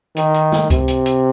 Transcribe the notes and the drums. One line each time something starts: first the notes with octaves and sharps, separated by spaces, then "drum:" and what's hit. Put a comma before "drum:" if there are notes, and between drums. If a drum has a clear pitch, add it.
D#3, drum: hi-hat
drum: hi-hat
drum: snare
C3, drum: kick C#2, hi-hat
drum: hi-hat
drum: hi-hat